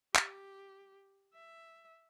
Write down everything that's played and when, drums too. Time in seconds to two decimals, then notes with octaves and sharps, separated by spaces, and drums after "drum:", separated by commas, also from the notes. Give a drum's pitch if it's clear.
0.16 G4, drum: clap
1.34 E5